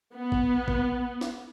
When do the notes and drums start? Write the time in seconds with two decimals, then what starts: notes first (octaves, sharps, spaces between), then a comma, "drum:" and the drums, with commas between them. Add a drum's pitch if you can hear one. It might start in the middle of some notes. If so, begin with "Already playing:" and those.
0.14 B3
0.32 drum: kick G#1
0.68 drum: kick G#1
1.21 drum: snare